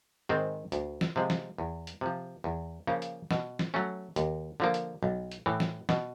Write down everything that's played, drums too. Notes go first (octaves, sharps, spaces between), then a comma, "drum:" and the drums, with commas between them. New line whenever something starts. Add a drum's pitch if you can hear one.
G#2 D#3 G#3 C4
D2, drum: hi-hat
drum: snare
C3 F3 G#3
drum: snare
E2
drum: hi-hat
C3 F3
E2
C#3 F3 A#3 C#4
drum: hi-hat
B2, drum: snare
drum: snare
F#3 A3 C#4
D#2, drum: hi-hat
D3 F3 A#3
drum: hi-hat
B1
drum: hi-hat
A2 E3
drum: snare
B2, drum: snare